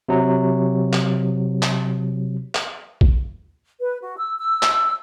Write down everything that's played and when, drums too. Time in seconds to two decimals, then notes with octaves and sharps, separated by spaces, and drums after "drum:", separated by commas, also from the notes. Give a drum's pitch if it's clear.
0.09 C3 F#3
0.93 drum: clap
1.63 drum: clap
2.55 drum: clap
3.01 drum: kick
3.79 B4
4.01 F#4
4.17 E6
4.38 E6
4.63 drum: clap